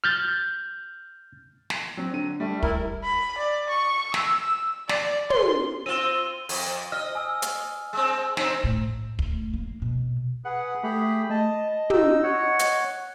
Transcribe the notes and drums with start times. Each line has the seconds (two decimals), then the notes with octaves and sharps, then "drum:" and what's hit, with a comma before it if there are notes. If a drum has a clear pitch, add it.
0.04 F6 G6 A6
1.70 drum: snare
1.97 F#3 C4
2.13 D3 D#7
2.40 G3 A3
2.63 E4 A#4, drum: kick
3.04 B5
3.38 D5
3.69 C#6
4.14 E6, drum: snare
4.89 D5, drum: snare
5.30 C6, drum: tom
5.86 C4 F4 D#7 G7
6.49 F2, drum: open hi-hat
6.92 D#5 F6
7.15 G#5 D#6 E6
7.42 drum: hi-hat
7.93 G#3 C4
8.37 C4 D#4, drum: snare
8.64 A2
9.19 drum: kick
9.54 A#3
9.82 B2
10.45 G#4 B4 F#5
10.83 A3 G4 G#4 B5
11.30 D#5 A5
11.90 D#4 E6, drum: tom
12.23 C#5 F#5
12.59 drum: hi-hat